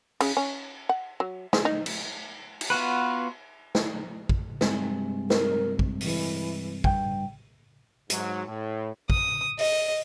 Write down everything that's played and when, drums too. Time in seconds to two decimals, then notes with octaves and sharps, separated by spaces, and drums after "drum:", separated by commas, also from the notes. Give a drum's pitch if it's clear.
0.21 C#3, drum: cymbal
0.37 C#4
0.89 F#5
1.20 F#3
1.53 G#3, drum: snare
1.65 D#4
1.86 drum: cymbal
2.61 drum: cymbal
2.70 B3 F4 F#4 B4
3.75 drum: snare
4.29 drum: kick
4.61 G2 C3 G#3, drum: snare
5.30 A#4, drum: snare
5.79 drum: kick
6.01 E3, drum: open hi-hat
6.84 G2 G5, drum: kick
8.10 G#2 F#3, drum: hi-hat
8.46 A2
9.10 D#6, drum: kick
9.59 D#5, drum: open hi-hat